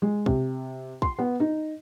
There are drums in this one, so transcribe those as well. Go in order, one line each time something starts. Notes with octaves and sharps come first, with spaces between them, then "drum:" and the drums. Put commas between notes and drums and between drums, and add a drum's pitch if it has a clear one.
G#3
C3, drum: kick
C6, drum: kick
B3
D#4